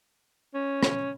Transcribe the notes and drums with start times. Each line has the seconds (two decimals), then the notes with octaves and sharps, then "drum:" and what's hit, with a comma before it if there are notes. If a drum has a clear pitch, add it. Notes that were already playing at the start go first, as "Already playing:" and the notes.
0.54 C#4
0.83 drum: rim click